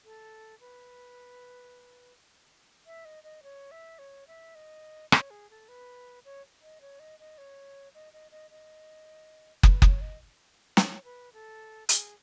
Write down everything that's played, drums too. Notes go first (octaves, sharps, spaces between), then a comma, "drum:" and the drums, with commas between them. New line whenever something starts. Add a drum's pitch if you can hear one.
A4
B4
E5
D#5
D#5
C#5
E5
C#5
E5
D#5
C#5, drum: rim click
G#4
A4
B4
C#5
D#5
C#5
D#5
D#5
C#5
D#5
D#5
D#5
D#5
B4, drum: kick
C#5, drum: kick
D#5
C#5, drum: snare
B4
A4
G#4, drum: hi-hat